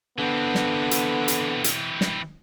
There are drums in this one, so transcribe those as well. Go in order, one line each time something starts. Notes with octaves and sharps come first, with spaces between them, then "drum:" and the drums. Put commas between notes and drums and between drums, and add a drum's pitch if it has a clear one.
D3 E3 B3 C4
drum: snare
drum: hi-hat
drum: hi-hat
drum: hi-hat
drum: snare